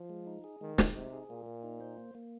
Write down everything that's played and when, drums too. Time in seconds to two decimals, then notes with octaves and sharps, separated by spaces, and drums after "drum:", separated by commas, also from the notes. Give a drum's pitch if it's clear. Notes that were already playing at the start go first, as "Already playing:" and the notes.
Already playing: F3
0.10 G#3
0.27 D#4
0.44 G#4
0.61 D#3 G#3
0.78 G#3, drum: snare
0.95 C3 D#4
1.12 G#4
1.30 A#2 A#3
1.46 A#3
1.63 D#4
1.81 C5
1.98 A#3
2.15 A#3